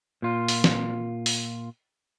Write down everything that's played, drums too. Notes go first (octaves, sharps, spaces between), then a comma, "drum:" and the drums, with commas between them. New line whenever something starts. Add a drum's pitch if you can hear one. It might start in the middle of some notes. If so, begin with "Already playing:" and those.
A#2 F4
drum: open hi-hat
drum: snare
drum: open hi-hat